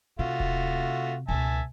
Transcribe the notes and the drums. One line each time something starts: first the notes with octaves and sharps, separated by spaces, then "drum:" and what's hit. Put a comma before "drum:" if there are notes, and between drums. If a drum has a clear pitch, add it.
C3 A3 F4 F#4
drum: kick D#1
C#2 B2 E5 G#5 A5